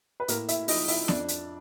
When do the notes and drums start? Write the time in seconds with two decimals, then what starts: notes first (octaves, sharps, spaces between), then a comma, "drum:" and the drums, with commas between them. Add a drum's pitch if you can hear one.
0.20 B4
0.28 A2 A#3 A#4, drum: hi-hat
0.48 E4 E5, drum: hi-hat
0.68 F3 D#4 D#5, drum: open hi-hat
0.88 E4 E5, drum: open hi-hat
1.08 F2 D4 D5, drum: snare B3
1.28 drum: hi-hat